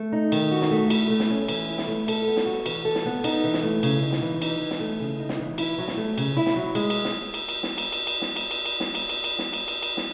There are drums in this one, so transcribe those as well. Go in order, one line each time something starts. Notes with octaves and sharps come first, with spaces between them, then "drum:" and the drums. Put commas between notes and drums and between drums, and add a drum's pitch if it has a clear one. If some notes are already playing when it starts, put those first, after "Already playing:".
Already playing: A3
D#4
D#3, drum: cymbal
F#4
drum: snare
A3
E4, drum: cymbal
A3
drum: snare
C#4
E3, drum: cymbal
E4
drum: snare
A3
A4, drum: cymbal
B3
drum: snare
F#4
E3, drum: cymbal
A4
drum: snare
B3
D#4, drum: cymbal
E3
drum: snare
A3
C#3, drum: cymbal
D#4
drum: snare
E3
D#4, drum: cymbal
E3
drum: snare
A3
C#3
D#4
drum: snare
E3
E4, drum: cymbal
F#3
drum: snare
A3
C#3, drum: cymbal
E4
drum: snare
F#3
G#3, drum: cymbal
drum: cymbal
drum: snare
drum: cymbal
drum: cymbal
drum: snare
drum: cymbal
drum: cymbal
drum: cymbal
drum: snare
drum: cymbal
drum: cymbal
drum: cymbal
drum: snare
drum: cymbal
drum: cymbal
drum: cymbal
drum: snare
drum: cymbal
drum: cymbal
drum: cymbal
drum: snare